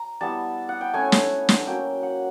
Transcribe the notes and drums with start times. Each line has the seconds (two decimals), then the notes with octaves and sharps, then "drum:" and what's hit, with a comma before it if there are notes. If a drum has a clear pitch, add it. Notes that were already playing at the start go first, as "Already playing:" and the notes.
Already playing: A#5
0.21 G3 B3 E4 A5
0.69 F#5
0.81 G5
0.94 A3 C#4 E4 G#5
1.12 drum: snare
1.49 drum: snare
1.67 F#3 A#3 C#4 G5
2.03 F#5